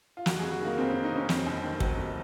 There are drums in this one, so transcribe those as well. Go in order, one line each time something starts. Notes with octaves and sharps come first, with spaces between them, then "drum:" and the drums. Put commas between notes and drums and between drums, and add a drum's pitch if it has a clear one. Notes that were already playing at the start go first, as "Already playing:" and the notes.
F4
F1 F#4, drum: snare
F2 G#4
F#4
D#3 A#3
F1 C4
F1 C#4
D#4
F2 C#4
F1 C4, drum: snare
D#2
D#3
F#3, drum: kick
F1